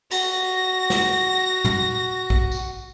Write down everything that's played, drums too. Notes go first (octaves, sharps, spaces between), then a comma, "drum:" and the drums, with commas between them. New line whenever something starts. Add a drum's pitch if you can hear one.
F#4 A#6, drum: cymbal
drum: snare
drum: tom
drum: kick A#1
drum: tambourine